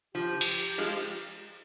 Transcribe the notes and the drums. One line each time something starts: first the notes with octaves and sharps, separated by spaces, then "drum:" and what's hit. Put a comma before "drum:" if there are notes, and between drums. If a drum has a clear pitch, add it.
F3 G4
drum: cymbal
F3 G#3